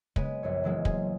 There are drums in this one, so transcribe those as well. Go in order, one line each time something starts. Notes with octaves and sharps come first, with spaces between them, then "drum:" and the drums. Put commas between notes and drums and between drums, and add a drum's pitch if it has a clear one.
C#3 G#3 B3 D#7, drum: kick
A#1 F#2 C#5
E3 F#3 G#3 A#3
G#4, drum: kick